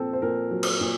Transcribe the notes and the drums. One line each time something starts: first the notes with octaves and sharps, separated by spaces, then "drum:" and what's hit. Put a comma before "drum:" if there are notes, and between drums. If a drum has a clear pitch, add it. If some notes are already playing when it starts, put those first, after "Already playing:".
Already playing: A#2 C4 A4
C5
A#2 A#4
F#3
drum: cymbal
A#2